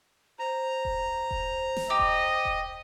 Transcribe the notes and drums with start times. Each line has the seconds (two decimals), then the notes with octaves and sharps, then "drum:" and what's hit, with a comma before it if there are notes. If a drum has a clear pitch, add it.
0.39 C5 A#5
0.85 drum: kick E1
1.31 drum: kick E1
1.77 drum: snare
1.90 G4 D#5
1.99 drum: kick E1
2.45 drum: kick E1